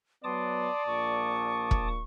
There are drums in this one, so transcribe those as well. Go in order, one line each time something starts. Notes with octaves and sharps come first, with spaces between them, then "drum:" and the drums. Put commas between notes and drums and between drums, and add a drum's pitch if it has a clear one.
F#3 B3 D5 A5 C6 D6 D#6
A#1 A#2 C#6
drum: kick E1